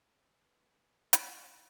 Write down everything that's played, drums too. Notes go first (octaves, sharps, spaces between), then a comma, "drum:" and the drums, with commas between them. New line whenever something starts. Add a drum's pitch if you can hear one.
B3 G#4
drum: hi-hat